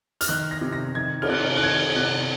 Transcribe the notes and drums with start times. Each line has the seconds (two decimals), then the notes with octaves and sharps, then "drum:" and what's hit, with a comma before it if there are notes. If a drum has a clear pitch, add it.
0.21 F6, drum: hi-hat
0.28 D#3 F#6
0.51 A#6
0.61 C3
0.73 A#6
0.95 D#3 G#6
1.22 F6, drum: cymbal
1.29 C3 F#6
1.57 F#6
1.63 D#3 G#6
1.96 C3 F#6